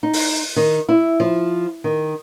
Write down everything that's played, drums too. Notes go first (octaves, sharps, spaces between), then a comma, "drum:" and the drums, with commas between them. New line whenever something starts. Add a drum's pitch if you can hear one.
D#4
drum: open hi-hat
D#3
E4
F3
D#3